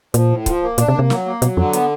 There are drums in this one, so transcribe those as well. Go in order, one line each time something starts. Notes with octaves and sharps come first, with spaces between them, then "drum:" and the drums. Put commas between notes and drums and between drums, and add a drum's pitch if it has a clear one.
A#2 F3, drum: hi-hat
A2
F3, drum: kick, hi-hat
A#3
A#2 D4, drum: hi-hat
C3
A#3
C3
F#3, drum: snare
A#3
B2 F#3, drum: hi-hat
F2 D3
B3, drum: hi-hat